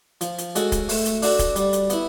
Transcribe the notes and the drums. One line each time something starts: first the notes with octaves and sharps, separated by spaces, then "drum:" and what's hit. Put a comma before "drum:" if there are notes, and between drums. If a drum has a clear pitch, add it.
F3, drum: hi-hat
drum: hi-hat
G#3 C#4 F#4 A4, drum: hi-hat
drum: kick, hi-hat
A3, drum: open hi-hat
drum: hi-hat
D4 F#4 A4, drum: open hi-hat
drum: kick, hi-hat
G3, drum: hi-hat
drum: hi-hat
B3 E4, drum: hi-hat